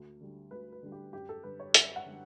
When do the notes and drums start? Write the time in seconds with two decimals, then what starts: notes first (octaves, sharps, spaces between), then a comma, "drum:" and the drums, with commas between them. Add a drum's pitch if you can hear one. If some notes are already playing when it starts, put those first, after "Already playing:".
Already playing: D2
0.21 D3 G3
0.51 D2 B4
0.72 B4
0.83 D3 G3
0.92 G4
1.13 F#2 G4
1.29 A4
1.43 D3 G3 B4
1.60 C#5
1.74 F#2 E5, drum: hi-hat
1.96 F#5
2.06 D3 G3